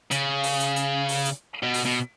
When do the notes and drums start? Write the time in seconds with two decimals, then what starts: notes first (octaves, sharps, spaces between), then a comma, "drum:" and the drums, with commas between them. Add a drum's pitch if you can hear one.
0.11 C#3, drum: hi-hat
0.43 drum: open hi-hat
0.60 drum: hi-hat
0.76 drum: hi-hat
1.09 drum: open hi-hat
1.25 drum: hi-hat
1.63 B2
1.74 drum: open hi-hat
1.85 B2